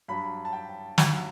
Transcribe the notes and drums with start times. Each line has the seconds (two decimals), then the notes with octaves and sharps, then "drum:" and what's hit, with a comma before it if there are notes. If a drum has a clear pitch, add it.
0.08 G2 F#3 B5
0.45 A5
0.53 G5
0.98 G2 F#3 F#5, drum: snare